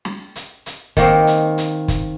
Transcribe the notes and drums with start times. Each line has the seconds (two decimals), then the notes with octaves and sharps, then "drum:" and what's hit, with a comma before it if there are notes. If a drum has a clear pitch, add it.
0.05 drum: snare
0.36 drum: hi-hat
0.66 drum: hi-hat
0.97 D#3 A#3 C4, drum: kick, hi-hat
1.27 drum: hi-hat
1.58 drum: hi-hat
1.88 drum: kick, hi-hat